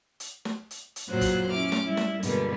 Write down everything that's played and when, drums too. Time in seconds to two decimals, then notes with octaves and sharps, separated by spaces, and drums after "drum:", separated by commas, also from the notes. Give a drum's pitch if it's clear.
0.20 drum: hi-hat
0.45 drum: snare
0.71 drum: hi-hat
0.96 drum: hi-hat
1.08 F#2 A#2 C#3 F#3 C5 F#6
1.21 drum: kick, hi-hat
1.50 C#4 E4 D6 F6
1.72 drum: snare
1.83 G3 E4
1.97 drum: snare
2.23 G2 B2 D3 G#3 A#3 B3, drum: hi-hat